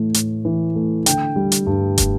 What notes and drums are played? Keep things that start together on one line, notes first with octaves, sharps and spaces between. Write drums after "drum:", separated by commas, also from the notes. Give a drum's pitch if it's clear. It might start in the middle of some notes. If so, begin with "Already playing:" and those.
Already playing: A2 E3 A3
A2, drum: hi-hat
E3
A3
D3 G5, drum: hi-hat
G3
drum: hi-hat
G2
drum: kick, hi-hat